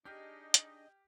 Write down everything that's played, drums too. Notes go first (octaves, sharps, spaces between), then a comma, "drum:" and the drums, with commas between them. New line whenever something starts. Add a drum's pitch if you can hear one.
D4 D#4 G4 G#4 D#5 F6 G6
drum: hi-hat